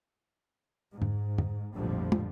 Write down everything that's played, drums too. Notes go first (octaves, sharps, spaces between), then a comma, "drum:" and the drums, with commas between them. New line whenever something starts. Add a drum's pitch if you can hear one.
G#2
drum: tom F2
drum: tom F2
A#1 F2 A2 D3 F3 G3
drum: tom